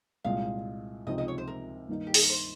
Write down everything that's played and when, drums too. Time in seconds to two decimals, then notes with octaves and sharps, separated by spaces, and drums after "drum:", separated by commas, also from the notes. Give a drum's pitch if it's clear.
0.24 C2 A#2 G#3 F5
1.07 C#2 C3 F3 C4 D#4 D#5
1.18 D#5
1.28 C#5
1.38 C5
1.47 A#4
1.89 G2 D#3 A#3 D#4
2.07 G4
2.14 G#4, drum: open hi-hat
2.22 A#4
2.30 C5